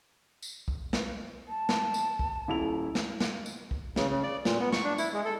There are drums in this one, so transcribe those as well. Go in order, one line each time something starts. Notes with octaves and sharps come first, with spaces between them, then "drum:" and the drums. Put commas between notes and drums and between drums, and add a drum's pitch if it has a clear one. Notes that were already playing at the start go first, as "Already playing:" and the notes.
drum: tambourine
drum: kick
drum: snare
A5
drum: snare
drum: tambourine
drum: kick
D#1 E4 F7
drum: snare
drum: snare
drum: tambourine
drum: kick
C#3, drum: snare
C#3
D5
A#2, drum: snare
B3
C#6, drum: snare
D4
E4, drum: tambourine
G#3
A4